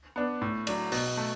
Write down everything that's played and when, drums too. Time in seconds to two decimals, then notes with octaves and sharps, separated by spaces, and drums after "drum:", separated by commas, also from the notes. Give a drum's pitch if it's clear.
0.16 B3 D4
0.42 A2
0.67 F#3 D4, drum: cymbal
0.92 B2, drum: open hi-hat
1.17 A3